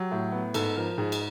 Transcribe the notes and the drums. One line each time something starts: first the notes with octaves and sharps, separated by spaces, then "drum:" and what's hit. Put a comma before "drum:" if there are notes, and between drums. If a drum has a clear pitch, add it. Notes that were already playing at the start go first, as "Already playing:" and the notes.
Already playing: F#3 G4
A2
B3
G#2 A4, drum: cymbal
F3 A#4
G#2 G#4
drum: cymbal